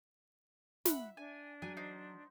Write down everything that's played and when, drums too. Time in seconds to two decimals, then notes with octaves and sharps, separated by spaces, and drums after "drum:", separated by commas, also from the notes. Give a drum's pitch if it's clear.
0.85 E5 F#5 B5, drum: snare
1.17 D4 G#5
1.62 F#3 G#5
1.77 D#4 C5